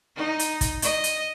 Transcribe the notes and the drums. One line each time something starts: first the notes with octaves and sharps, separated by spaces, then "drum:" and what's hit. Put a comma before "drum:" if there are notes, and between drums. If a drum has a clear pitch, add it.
D#4
drum: hi-hat
drum: kick, hi-hat
D#5, drum: hi-hat
drum: hi-hat